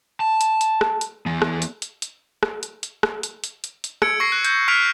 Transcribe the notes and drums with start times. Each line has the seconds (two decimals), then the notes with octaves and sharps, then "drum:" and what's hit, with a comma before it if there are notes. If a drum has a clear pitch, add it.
0.20 A5
0.41 drum: hi-hat
0.61 drum: hi-hat
0.81 drum: rim click
1.01 drum: hi-hat
1.26 E3 B3
1.42 drum: rim click
1.62 drum: hi-hat
1.82 drum: hi-hat
2.02 drum: hi-hat
2.43 drum: rim click
2.63 drum: hi-hat
2.83 drum: hi-hat
3.03 drum: rim click
3.23 drum: hi-hat
3.44 drum: hi-hat
3.64 drum: hi-hat
3.84 drum: hi-hat
4.02 E6 G#6 C#7 D7, drum: rim click
4.20 C#6 A#6 C7
4.32 F#6
4.45 G6, drum: hi-hat
4.68 C#6 F6 B6 D7 F7